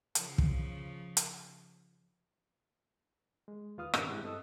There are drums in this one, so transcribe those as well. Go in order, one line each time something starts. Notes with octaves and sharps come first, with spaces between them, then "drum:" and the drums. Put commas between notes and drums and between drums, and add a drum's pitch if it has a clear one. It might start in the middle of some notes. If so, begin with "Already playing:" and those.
C#3 F3, drum: hi-hat
drum: kick
drum: hi-hat
G#3
D#2 F4 B4 F5 D#6 F6
G2 A#2 D#3 B3 C#4 D4, drum: rim click
G#2 G#3 C4 E4 G4 F#6
G2 C4 A4 D#5 D#6 E6